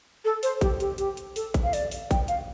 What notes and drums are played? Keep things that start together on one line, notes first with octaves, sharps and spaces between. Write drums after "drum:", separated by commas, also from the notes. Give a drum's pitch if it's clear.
A4
C5, drum: open hi-hat
G4, drum: kick A1, hi-hat
G4, drum: hi-hat
G4, drum: hi-hat
drum: hi-hat
A4, drum: open hi-hat
drum: kick A1, hi-hat
F5
D5, drum: open hi-hat
drum: open hi-hat
G5, drum: kick A1, hi-hat
F5, drum: hi-hat